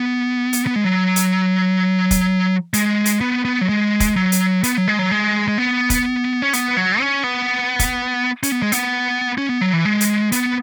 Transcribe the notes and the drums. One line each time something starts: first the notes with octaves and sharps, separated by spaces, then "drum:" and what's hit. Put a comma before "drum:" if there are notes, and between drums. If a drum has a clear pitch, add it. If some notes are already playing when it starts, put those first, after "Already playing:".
Already playing: B3
drum: hi-hat
B3
G#3
F#3
drum: hi-hat
drum: kick, hi-hat
G#3, drum: hi-hat
drum: hi-hat
B3
B3
F#3
G#3
drum: kick, hi-hat
F#3
drum: hi-hat
B3, drum: hi-hat
F#3
G#3
F#3
G#3
G#3
B3
drum: kick, hi-hat
C#4
B3, drum: hi-hat
F#3
C#4
B3
drum: kick, hi-hat
C#4, drum: hi-hat
B3
G#3
B3, drum: hi-hat
C#4
B3
F#3
E3
G#3
drum: hi-hat
B3, drum: hi-hat